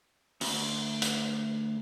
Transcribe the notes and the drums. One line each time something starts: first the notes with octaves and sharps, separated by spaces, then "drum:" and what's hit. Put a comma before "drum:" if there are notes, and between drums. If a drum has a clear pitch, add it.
D2, drum: open hi-hat
drum: hi-hat